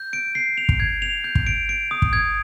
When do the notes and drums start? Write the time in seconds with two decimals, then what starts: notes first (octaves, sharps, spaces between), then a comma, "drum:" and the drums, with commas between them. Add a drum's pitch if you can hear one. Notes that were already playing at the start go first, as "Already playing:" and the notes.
Already playing: G6
0.13 D7
0.35 C7
0.58 F7
0.69 drum: kick
0.80 G#6
1.02 F7
1.24 G6
1.35 drum: kick
1.47 D7
1.69 D7
1.91 D#6
2.02 drum: kick
2.13 G#6